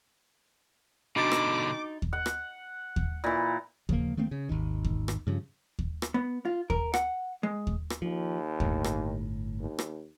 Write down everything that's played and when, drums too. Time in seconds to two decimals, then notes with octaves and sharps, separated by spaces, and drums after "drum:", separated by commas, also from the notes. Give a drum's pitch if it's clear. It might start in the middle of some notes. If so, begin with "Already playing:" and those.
1.16 B2 D3 D4 D#4 F#4 D6 A6
1.32 drum: rim click
2.02 drum: kick D#2
2.13 F#5
2.26 drum: rim click
2.96 drum: kick D#2
3.24 A#2 E3
3.89 C#3 F3 A#3, drum: kick D#2
4.17 D#3 A3 A#3 C4
4.31 C#3
4.49 G#1 D#2 D#3
4.84 drum: kick D#2
5.08 drum: rim click
5.27 G2 C#3 F3
5.79 drum: kick D#2
6.02 drum: rim click
6.14 B3
6.45 F4
6.70 A#4, drum: kick D#2
6.94 F#5, drum: rim click
7.43 G#3
7.67 drum: kick D#2
7.90 drum: rim click
8.02 D#2 F3
8.60 G1 A2, drum: kick D#2
8.84 drum: rim click
9.60 D#2
9.79 drum: rim click